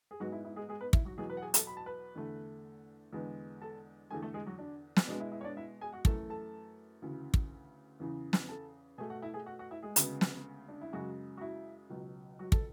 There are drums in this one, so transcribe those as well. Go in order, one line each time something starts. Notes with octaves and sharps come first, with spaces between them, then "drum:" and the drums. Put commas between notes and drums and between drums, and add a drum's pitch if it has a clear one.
G#4
G#2 F#3 G#3 B3 F#4
E4
E4
G#3 G#4
G#3 G#4
B3 B4
E4, drum: kick
F#3 F#4
E2 B2 F#3 G#3 G#4
B3 B4
F#5
G#4 G#5
A4 A5, drum: hi-hat
B5
A5
B4 B5
E2 D3 A3
E2 D3 G#3 B3
A4 A5
E2 D3 A3 G#4 G#5
A3 A4
G#3 G#4
F#3 F#4
D4
drum: snare
B2 G#3 B3 D4
E4
E4
C#5
D4 D5
E4 E5
G#4 G#5
F#4 F#5
F#2 E3 A3 A4 A5, drum: kick
A4 A5
D2 C#3 E3
drum: kick
E2 C#3 E3
drum: snare
A4 A5
B2 A3 G#4 G#5
F#4 F#5
E4 E5
G#4 G#5
F#4 F#5
F#4 F#5
E4 E5
G#3 G#4
D2 C#3 G#3 B3, drum: hi-hat
drum: snare
D4
E4
F#2 C#3 F#3 G#3 F#4
F#4
E4
C#2 B2 F#3
F#3 F#4
A4, drum: kick